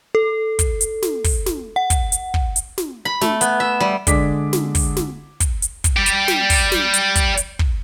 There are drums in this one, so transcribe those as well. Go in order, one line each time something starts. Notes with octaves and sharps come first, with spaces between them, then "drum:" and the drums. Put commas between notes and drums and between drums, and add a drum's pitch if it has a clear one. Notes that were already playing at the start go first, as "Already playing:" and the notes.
A4
drum: kick, hi-hat
drum: hi-hat
drum: snare
drum: kick, open hi-hat
drum: snare
F#5
drum: kick, hi-hat
drum: hi-hat
drum: kick
drum: hi-hat
drum: snare
B5
A3, drum: snare
B3, drum: hi-hat
E5
G3
D3 G#3 D4 G#4 D6 B6, drum: kick, hi-hat
drum: snare
drum: kick, open hi-hat
drum: snare
drum: kick, hi-hat
drum: hi-hat
drum: kick, hi-hat
G3 G4
drum: hi-hat
drum: snare
drum: kick, open hi-hat
drum: snare
drum: hi-hat
drum: kick, hi-hat
drum: hi-hat
drum: kick